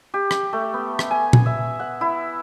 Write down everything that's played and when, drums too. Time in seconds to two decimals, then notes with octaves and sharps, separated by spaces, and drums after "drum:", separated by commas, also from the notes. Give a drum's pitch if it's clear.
0.14 G4
0.31 drum: rim click
0.53 A3
0.74 B3
0.99 drum: rim click
1.11 G#5
1.33 drum: tom A#2
1.46 E5
1.79 F#5
2.01 E4